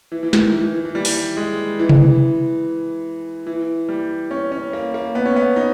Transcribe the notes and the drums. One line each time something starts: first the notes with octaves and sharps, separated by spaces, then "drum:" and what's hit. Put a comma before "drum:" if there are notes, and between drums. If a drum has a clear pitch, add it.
E3
E3
D#3, drum: snare
E3
E3
E3
G3
drum: open hi-hat
G#3
E3
drum: tom C3
E3
G3
C#4
C#4
A#3
A#3
B3
C#4
B3
D#4